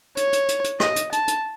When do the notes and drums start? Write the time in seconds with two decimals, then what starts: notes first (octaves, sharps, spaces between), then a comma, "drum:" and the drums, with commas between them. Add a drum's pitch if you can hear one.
0.17 C#5, drum: hi-hat
0.33 drum: hi-hat
0.48 drum: hi-hat
0.64 drum: hi-hat
0.80 D#5, drum: rim click
0.96 drum: hi-hat
1.12 A5, drum: hi-hat
1.28 drum: hi-hat